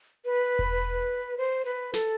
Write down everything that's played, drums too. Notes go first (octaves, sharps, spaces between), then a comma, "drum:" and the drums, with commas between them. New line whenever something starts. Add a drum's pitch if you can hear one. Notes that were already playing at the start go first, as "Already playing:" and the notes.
B4
drum: kick E1
C5
B4, drum: hi-hat
A4, drum: snare